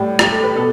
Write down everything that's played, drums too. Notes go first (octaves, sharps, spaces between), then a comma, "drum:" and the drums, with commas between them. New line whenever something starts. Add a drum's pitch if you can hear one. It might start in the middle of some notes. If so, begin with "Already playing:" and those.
Already playing: A2 G3
G4, drum: rim click
A4
G4 B4
B2 A4